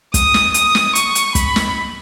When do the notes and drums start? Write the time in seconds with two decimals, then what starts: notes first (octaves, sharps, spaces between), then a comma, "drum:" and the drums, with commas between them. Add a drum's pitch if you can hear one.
0.14 D#6, drum: kick, hi-hat
0.34 drum: snare
0.54 D#6, drum: hi-hat
0.75 drum: snare
0.95 C#6, drum: hi-hat
1.15 drum: hi-hat
1.35 B5, drum: kick, hi-hat
1.56 drum: snare